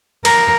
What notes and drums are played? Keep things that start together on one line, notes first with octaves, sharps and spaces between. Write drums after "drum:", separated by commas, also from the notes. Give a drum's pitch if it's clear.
A#4, drum: cymbal